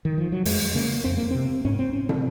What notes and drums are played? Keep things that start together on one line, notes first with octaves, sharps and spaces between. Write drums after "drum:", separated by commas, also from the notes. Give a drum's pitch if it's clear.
D#3
F3
F#3
F2 G#3, drum: open hi-hat
C#3 A#3
F2 C4
A#3
C3 C4
G#2 C#4
C4
C#4
C4, drum: tom